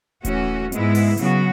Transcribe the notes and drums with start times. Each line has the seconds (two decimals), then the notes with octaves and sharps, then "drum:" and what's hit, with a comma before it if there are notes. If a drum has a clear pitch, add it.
0.25 E3 A3 C#4 F#4, drum: kick D#1, hi-hat
0.72 G#2 G#3 B3 E4, drum: hi-hat
0.95 drum: open hi-hat
1.17 C#3 F#3 B3 F#4, drum: hi-hat